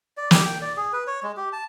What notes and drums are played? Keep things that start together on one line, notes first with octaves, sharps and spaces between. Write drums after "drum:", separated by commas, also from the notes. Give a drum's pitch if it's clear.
D5
G4, drum: snare
G5
D5
G#4
B4
C#5
G#3
G4
A5